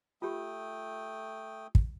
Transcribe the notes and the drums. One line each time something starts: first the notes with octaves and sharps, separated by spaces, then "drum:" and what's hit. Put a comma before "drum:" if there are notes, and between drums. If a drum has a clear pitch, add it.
A3 F4 G4 G5 D#6
drum: kick